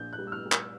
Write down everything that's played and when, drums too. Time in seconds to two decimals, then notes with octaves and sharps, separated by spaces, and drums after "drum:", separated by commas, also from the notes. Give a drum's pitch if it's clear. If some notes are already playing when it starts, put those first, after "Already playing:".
Already playing: A#1 G6
0.13 F#6
0.19 G3
0.27 E6
0.32 F6
0.45 G3
0.52 E6, drum: clap